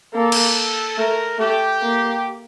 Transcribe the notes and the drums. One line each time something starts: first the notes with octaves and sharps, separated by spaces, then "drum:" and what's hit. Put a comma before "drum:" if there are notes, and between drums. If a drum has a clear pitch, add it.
A#3 A4
drum: cymbal
A3 A#4
A3 G4
A#3